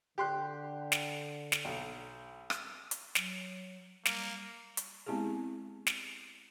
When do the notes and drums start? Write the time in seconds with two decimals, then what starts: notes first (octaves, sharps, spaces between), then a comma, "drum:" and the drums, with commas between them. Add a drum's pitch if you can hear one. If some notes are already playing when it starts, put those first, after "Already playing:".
0.18 D3 G4 C6 F#6
0.92 drum: snare
1.52 drum: snare
1.65 B1
2.50 drum: rim click
2.91 drum: hi-hat
3.15 F#3, drum: snare
4.05 G3 A#3, drum: snare
4.77 drum: hi-hat
5.06 G#3 B3 C4 E4 G4 G#4
5.87 drum: snare